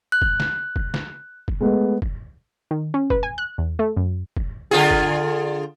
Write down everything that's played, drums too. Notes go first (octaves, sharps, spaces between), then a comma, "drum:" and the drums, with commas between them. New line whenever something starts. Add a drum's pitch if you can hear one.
F#6
drum: kick
drum: snare
drum: kick
drum: snare
drum: kick
G#3 A3 B3
drum: kick
D#3
C#4
B4, drum: kick
G#5
F#6
E2
A3
F#2
drum: kick
D3 F4 G#4
drum: kick